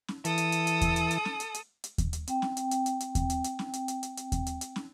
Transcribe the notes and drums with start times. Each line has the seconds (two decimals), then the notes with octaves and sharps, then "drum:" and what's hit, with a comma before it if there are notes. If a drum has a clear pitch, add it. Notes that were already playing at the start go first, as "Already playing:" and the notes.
0.08 drum: snare
0.25 E3 A4 D#6, drum: hi-hat
0.38 drum: hi-hat
0.52 drum: hi-hat
0.67 drum: hi-hat
0.81 drum: kick D#2, hi-hat
0.96 drum: hi-hat
1.11 drum: hi-hat
1.25 drum: snare
1.40 drum: hi-hat
1.54 drum: hi-hat
1.84 drum: hi-hat
1.98 drum: kick D#2, hi-hat
2.13 drum: hi-hat
2.27 C4 G5, drum: hi-hat
2.42 drum: snare
2.57 drum: hi-hat
2.71 drum: hi-hat
2.86 drum: hi-hat
3.00 drum: hi-hat
3.15 drum: kick D#2, hi-hat
3.30 drum: hi-hat
3.44 drum: hi-hat
3.59 drum: snare
3.73 drum: hi-hat
3.88 drum: hi-hat
4.03 drum: hi-hat
4.17 drum: hi-hat
4.32 drum: kick D#2, hi-hat
4.47 drum: hi-hat
4.61 drum: hi-hat
4.76 drum: snare